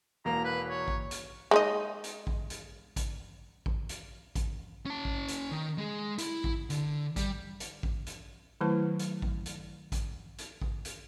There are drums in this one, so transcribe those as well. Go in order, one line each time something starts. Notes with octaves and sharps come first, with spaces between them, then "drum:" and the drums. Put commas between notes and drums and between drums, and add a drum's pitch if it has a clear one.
E1 A#3 A#5
B4
C#5
drum: kick A1
drum: hi-hat
G#3 D#4 D#5
drum: hi-hat
drum: kick A1
drum: hi-hat
drum: kick A1, hi-hat
drum: kick A1
drum: hi-hat
drum: kick A1, hi-hat
C#4 A5
drum: kick A1
drum: hi-hat
D#3
G#3 G#4
E4, drum: hi-hat
drum: kick A1
D3, drum: hi-hat
G3, drum: kick A1, hi-hat
drum: hi-hat
drum: kick A1
drum: hi-hat
D#3 F#3 A3 E4 B4 A5
drum: hi-hat
drum: kick A1
drum: hi-hat
drum: kick A1, hi-hat
drum: hi-hat
drum: kick A1
drum: hi-hat